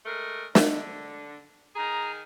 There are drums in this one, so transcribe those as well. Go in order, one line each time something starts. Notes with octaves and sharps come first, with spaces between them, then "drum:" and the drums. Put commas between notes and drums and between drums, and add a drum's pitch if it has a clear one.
G#3 A3 A#4
D3 E5, drum: snare
D#3 G#4 A#5